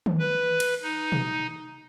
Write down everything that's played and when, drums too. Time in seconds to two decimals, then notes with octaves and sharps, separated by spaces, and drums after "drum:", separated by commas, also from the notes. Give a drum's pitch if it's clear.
0.06 drum: tom D#3
0.19 B4
0.60 drum: cymbal
0.83 D#4
1.12 drum: tom B2